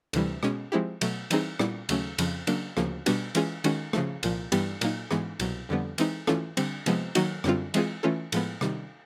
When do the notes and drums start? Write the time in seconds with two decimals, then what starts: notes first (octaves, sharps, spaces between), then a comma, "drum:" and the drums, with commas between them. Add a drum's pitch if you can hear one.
0.13 D2 C3 E3 G3, drum: cymbal
0.43 B2 G#3 C#4, drum: rim click
0.72 F3 G#3 C4 E4 G4
1.01 B2 F#3 A3, drum: cymbal
1.31 E3 G3 C4 D#4 G#4, drum: cymbal
1.59 A#2 G3 B3 E4, drum: rim click
1.89 D#2 C#3 F#3 A3 C#4, drum: cymbal
2.18 F2 C#3 F3, drum: cymbal
2.47 C#3 F#3 A#3 D4, drum: cymbal
2.77 D2 C#3 F3 A#3, drum: rim click
3.06 B2 G3 B3 D4 F#4, drum: cymbal
3.35 E3 G#3 C#4 F4 G#4, drum: cymbal
3.64 D#3 G#3 C#4 F#4, drum: cymbal
3.93 C#3 F3 A3, drum: rim click
4.23 C2 A#2 F3, drum: cymbal
4.52 G2 E3 G3 B3, drum: cymbal
4.81 A#2 F#3 A#3 D#4, drum: cymbal
5.11 G#2 E3 G#3 B3, drum: rim click
5.40 C2 B2 F#3, drum: cymbal
5.69 F2 D3 G3 B3
5.98 E3 G#3 C4 D#4, drum: cymbal
6.27 E3 A3 C#4 F4 A4, drum: rim click
6.57 D3 G3 C4, drum: cymbal
6.86 C3 F3 G#3 B3, drum: cymbal
7.15 D#3 F#3 A#3 D#4 F#4, drum: cymbal
7.44 F#2 D3 G3 C4 F4, drum: rim click
7.74 E3 G#3 C4 F4 G#4, drum: cymbal
8.03 E3 A3 C#4 F4 A4
8.32 A2 F3 G#3 B3, drum: cymbal
8.61 C3 D#3 G3, drum: rim click